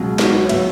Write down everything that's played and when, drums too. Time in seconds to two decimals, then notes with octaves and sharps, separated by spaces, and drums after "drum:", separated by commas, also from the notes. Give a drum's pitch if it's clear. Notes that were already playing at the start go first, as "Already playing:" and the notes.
Already playing: C#2 B2 F#3
0.19 F#4, drum: snare
0.34 B4
0.43 C#5
0.49 A2 F#3 E5, drum: cymbal